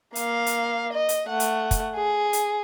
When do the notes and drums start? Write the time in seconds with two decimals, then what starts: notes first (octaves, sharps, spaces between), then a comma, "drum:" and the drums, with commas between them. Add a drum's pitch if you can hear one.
0.15 A#3 F5, drum: hi-hat
0.47 drum: hi-hat
0.93 D#5
1.09 drum: hi-hat
1.28 A3 F#5
1.40 drum: hi-hat
1.71 drum: kick, hi-hat
1.96 G#4
2.33 drum: hi-hat